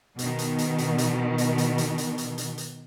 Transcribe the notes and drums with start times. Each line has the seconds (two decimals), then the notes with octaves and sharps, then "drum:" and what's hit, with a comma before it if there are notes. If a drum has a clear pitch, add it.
0.19 B2 D#3, drum: hi-hat
0.39 drum: hi-hat
0.58 drum: hi-hat
0.78 drum: hi-hat
0.98 drum: hi-hat
1.38 drum: hi-hat
1.58 drum: hi-hat
1.78 drum: hi-hat
1.98 drum: hi-hat
2.18 drum: hi-hat
2.38 drum: hi-hat
2.58 drum: hi-hat